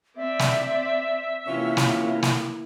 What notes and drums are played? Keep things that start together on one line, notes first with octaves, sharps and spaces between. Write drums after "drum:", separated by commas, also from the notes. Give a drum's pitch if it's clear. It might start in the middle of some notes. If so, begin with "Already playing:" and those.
C4 D5 E5
drum: snare
C3 E3 A#3 C#4 F4
drum: snare
drum: snare